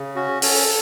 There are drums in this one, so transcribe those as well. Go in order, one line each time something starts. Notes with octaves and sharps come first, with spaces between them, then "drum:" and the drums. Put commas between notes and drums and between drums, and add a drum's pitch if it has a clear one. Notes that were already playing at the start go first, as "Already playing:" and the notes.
Already playing: C#3
C#4 F#4
C#4 A4, drum: open hi-hat